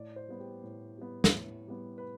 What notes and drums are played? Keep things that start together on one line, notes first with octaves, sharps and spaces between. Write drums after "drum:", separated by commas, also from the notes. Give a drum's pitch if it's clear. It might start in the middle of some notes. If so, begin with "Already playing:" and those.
Already playing: A2 D5
C5
G3 B3
G4
A2
G3 B3
drum: snare
A2
G3 B3
B4